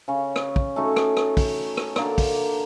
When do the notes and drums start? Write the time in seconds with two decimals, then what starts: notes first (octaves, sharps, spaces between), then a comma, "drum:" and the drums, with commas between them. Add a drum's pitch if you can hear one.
0.08 C#3 C#4
0.36 drum: rim click
0.56 drum: kick
0.76 A3 C#4 D#4 F#4
0.96 drum: rim click
1.17 drum: rim click
1.37 drum: kick, open hi-hat
1.77 drum: rim click
1.96 D3 A#3 D5 D6, drum: rim click
2.18 drum: kick, open hi-hat